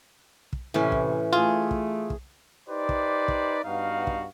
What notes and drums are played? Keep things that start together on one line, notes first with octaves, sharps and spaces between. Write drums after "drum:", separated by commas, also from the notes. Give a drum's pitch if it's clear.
drum: kick
A2 C3 E3 C#4
drum: kick
A3 F4 G#4
drum: kick
drum: kick
D#4 G4 B4 C5 D5
drum: kick
drum: kick
G2 B3 D#4 F#4 F5
drum: kick